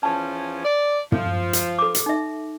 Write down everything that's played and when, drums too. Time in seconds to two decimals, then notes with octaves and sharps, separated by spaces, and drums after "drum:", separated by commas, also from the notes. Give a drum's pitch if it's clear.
0.03 E2 F3 C#4 A5
0.64 D5
1.12 F3, drum: tom
1.53 drum: hi-hat
1.79 A4 D6
1.95 drum: hi-hat
2.06 D#4 E5